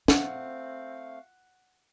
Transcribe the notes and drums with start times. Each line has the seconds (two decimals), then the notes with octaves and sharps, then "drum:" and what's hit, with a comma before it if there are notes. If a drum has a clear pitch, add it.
0.08 A3 C4 F4 F5 F#5, drum: snare